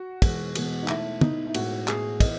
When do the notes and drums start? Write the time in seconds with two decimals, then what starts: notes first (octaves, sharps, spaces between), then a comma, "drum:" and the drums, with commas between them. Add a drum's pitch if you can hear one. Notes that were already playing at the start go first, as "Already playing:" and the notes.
Already playing: F#4
0.22 E2 B2 G#3, drum: kick, cymbal
0.55 E2 B2 G#3, drum: cymbal
0.83 D#4
0.88 B2 A3 E4, drum: clap
1.21 B2 A3 D#4, drum: tom
1.47 E4
1.54 A2 G#3 B3 F#4, drum: cymbal
1.88 A2 G#3 B3 G#4, drum: clap
2.20 E3 B3 D#5, drum: kick, cymbal